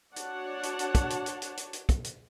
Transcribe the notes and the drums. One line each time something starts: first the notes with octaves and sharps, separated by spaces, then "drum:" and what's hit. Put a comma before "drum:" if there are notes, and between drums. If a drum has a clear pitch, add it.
D4 F#4 C#5 D5 F#5 A5, drum: hi-hat
drum: hi-hat
drum: hi-hat
drum: kick, hi-hat
drum: hi-hat
drum: hi-hat
drum: hi-hat
drum: hi-hat
drum: hi-hat
drum: kick, hi-hat
drum: hi-hat